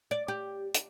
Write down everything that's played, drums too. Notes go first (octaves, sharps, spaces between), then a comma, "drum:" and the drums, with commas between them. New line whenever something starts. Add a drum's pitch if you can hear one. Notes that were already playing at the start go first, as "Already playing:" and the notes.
D5
G4
drum: hi-hat